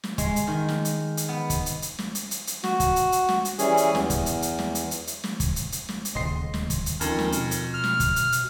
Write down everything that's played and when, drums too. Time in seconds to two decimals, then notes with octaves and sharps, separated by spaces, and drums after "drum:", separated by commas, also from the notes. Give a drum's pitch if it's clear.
0.04 drum: snare
0.18 G#3, drum: kick, hi-hat
0.36 drum: hi-hat
0.47 D#3
0.69 drum: snare
0.85 drum: hi-hat
1.17 drum: hi-hat
1.29 B3
1.50 drum: kick, hi-hat
1.66 drum: hi-hat
1.82 drum: hi-hat
1.99 drum: snare
2.15 drum: hi-hat
2.31 drum: hi-hat
2.47 drum: hi-hat
2.64 F#4, drum: snare
2.80 drum: kick, hi-hat
2.96 drum: hi-hat
3.12 drum: hi-hat
3.29 drum: snare
3.45 drum: hi-hat
3.59 E3 G3 C#4 G#4, drum: hi-hat
3.77 drum: hi-hat
3.95 E2, drum: snare
4.10 drum: kick, hi-hat
4.26 drum: hi-hat
4.42 drum: hi-hat
4.59 drum: snare
4.75 drum: hi-hat
4.91 drum: hi-hat
5.07 drum: hi-hat
5.24 drum: snare
5.40 drum: kick, hi-hat
5.56 drum: hi-hat
5.72 drum: hi-hat
5.89 drum: snare
6.05 drum: hi-hat
6.15 D#1 D2 C#3 D#5 C6 C7
6.54 drum: snare
6.70 drum: kick, hi-hat
6.86 drum: hi-hat
7.01 F2 C#4 D#4 A#4, drum: hi-hat
7.19 drum: snare
7.32 B2, drum: hi-hat
7.51 drum: hi-hat
7.74 F6
7.84 drum: snare
8.00 drum: kick, hi-hat
8.16 drum: hi-hat
8.32 drum: hi-hat